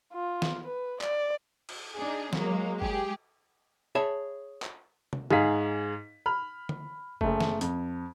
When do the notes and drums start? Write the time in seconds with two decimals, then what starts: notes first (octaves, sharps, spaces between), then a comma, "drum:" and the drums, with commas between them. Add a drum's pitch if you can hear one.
0.13 F4
0.42 drum: snare
0.64 B4
1.01 D5, drum: clap
1.69 drum: cymbal
1.96 D4 D#4 G#4
2.33 F#3 G#3 A#3, drum: snare
2.82 G#3 G4 G#4, drum: kick F#1
3.95 G#4 C#5 E5 A5 B5
4.62 drum: clap
5.13 drum: tom
5.30 G#2 G#4 F5 B6, drum: tom D3
6.26 B5 F6
6.69 drum: tom D3
7.21 F#1 A3, drum: kick F#1
7.40 drum: snare
7.61 F2, drum: hi-hat